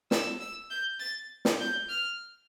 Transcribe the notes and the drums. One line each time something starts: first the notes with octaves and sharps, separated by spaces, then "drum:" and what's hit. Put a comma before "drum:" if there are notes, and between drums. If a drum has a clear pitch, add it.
E6, drum: snare
E6
G6
A6
drum: snare
G6
F6